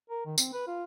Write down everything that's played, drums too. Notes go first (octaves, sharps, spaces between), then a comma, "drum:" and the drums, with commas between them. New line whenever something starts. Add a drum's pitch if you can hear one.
A#4
D#3
C4, drum: tambourine
B4
F4